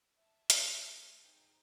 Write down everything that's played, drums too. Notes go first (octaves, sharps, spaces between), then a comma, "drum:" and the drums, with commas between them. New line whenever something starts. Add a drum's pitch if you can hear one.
E5 A5
A3, drum: hi-hat
F6 G#6 A6
D#4 G#4 C5 G5 A#5